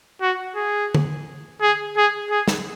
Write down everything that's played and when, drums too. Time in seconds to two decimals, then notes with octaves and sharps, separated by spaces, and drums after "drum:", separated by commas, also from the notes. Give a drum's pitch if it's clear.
0.22 F#4
0.56 G#4
0.95 drum: tom
1.62 G#4
1.97 G#4
2.31 G#4
2.48 drum: snare